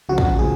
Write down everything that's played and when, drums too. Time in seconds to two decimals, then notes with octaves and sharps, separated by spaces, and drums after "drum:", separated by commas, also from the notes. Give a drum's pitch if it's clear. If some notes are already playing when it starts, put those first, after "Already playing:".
0.09 C#2 C#3 F3 F#4
0.18 drum: kick
0.39 A2 F3 G#4